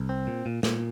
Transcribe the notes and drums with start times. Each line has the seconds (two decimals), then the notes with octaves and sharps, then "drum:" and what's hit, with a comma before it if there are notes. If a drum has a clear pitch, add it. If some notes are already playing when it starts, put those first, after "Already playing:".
Already playing: C2
0.09 C4
0.27 A#2
0.46 A#2
0.63 A#2, drum: snare